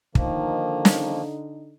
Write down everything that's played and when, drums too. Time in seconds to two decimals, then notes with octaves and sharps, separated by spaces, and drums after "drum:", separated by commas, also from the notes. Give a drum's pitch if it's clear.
0.15 D3 D#3 F3 A#3 D#4, drum: kick
0.85 drum: snare